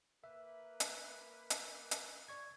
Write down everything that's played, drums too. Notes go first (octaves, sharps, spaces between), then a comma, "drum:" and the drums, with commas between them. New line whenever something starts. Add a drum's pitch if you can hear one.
A#3 B4 E5
drum: hi-hat
drum: hi-hat
drum: hi-hat
D5 C#6 G#6